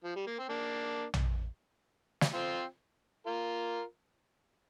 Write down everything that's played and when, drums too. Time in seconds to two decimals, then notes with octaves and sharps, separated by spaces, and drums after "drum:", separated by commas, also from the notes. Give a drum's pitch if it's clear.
0.04 F3
0.16 G3
0.27 A#3
0.39 C4
0.49 A#3 D4
1.14 drum: tom A#1
2.21 drum: snare
2.34 C4 F4
3.27 F4 A#4